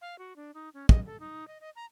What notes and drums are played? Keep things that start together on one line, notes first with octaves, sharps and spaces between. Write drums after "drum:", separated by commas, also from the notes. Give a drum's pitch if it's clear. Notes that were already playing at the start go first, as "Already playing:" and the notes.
F5
F#4
D4
D#4
C#4
D#5, drum: kick
A4
D#4
D#5
D#5
A#5